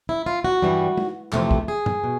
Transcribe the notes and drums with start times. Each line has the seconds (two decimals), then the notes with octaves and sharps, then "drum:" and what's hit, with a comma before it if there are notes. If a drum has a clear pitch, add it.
0.09 E4
0.26 F4
0.44 F#4
0.62 G2 E3 G3
0.98 drum: tom
1.33 F2 C3 E3 A3 G4, drum: clap
1.51 drum: kick
1.68 G#4
1.86 drum: tom
2.04 B2